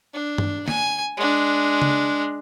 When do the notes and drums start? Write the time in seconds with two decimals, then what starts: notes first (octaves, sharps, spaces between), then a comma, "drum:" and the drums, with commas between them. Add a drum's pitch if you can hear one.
0.14 D4
0.38 drum: tom G2
0.68 G#5, drum: snare
1.17 G#3 D4
1.82 drum: tom C#3